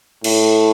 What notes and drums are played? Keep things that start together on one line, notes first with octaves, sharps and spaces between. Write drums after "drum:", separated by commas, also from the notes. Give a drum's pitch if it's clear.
A2, drum: cymbal